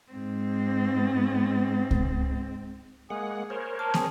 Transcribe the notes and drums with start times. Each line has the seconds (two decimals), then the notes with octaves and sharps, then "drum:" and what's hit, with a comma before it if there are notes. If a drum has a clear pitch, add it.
0.12 G#2 C4
1.91 drum: kick C#2
3.10 G#3 A#3 G#4 F#5
3.50 A#4 C5 C#5
3.79 A#3 A5
3.94 G#4, drum: snare